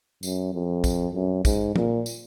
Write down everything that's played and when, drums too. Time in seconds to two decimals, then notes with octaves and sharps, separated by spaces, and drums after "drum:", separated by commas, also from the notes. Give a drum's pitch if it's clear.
0.23 F#2, drum: tambourine
0.53 F2
0.84 drum: kick, tambourine
1.14 F#2
1.45 G#2, drum: kick, tambourine
1.76 A#2, drum: tom
2.06 drum: tambourine